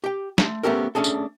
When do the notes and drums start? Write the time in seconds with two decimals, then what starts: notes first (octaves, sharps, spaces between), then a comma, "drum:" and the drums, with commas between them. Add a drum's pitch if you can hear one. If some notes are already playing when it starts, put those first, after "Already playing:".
0.04 G4 G5
0.38 A3 C6, drum: snare
0.63 A3 B3 C#4 G4 A4 A#4
0.95 A3 C#4 D4 G#4 A4
1.04 drum: tambourine